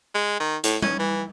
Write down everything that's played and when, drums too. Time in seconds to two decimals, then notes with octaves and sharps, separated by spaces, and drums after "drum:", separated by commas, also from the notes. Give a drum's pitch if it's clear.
0.14 G#3
0.40 D#3
0.64 A2, drum: hi-hat
0.82 C#4, drum: tom G3
0.99 E3